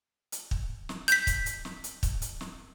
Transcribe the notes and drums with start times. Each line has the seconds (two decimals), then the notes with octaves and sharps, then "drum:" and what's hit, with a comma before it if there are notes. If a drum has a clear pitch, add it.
0.32 drum: hi-hat
0.51 drum: kick
0.89 drum: snare
1.08 G6 B6, drum: hi-hat
1.27 drum: kick, hi-hat
1.46 drum: hi-hat
1.65 drum: snare
1.84 drum: hi-hat
2.03 drum: kick, hi-hat
2.22 drum: hi-hat
2.41 drum: snare